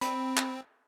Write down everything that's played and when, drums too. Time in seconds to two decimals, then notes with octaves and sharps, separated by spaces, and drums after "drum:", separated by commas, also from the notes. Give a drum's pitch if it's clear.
0.01 C4 B5, drum: hi-hat
0.37 drum: clap